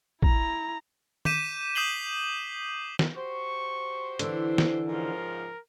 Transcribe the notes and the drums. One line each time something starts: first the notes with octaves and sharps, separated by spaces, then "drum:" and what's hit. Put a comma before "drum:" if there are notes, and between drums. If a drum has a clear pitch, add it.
E4 A#5, drum: kick A1
D6 G6 B6 D#7 E7, drum: tom D#3
D#6 G6 C7 E7 F#7 G7
drum: snare
F#4 G4 C5 C#6
D3 E3, drum: hi-hat
drum: snare
G#2 C#3 F3 A#4